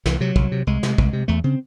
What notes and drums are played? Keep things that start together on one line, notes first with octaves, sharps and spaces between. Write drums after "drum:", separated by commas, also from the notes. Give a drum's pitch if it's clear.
C2 E3, drum: snare
C3 F#3
C2, drum: kick
C3
C2 G#3
C3, drum: snare
C2, drum: kick
C3
E2 A3
C#3 C4